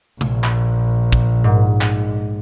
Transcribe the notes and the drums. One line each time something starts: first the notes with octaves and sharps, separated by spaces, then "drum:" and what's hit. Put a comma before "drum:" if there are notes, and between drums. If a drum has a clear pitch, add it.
A#1, drum: tom C3
drum: clap
drum: kick
G#2
drum: clap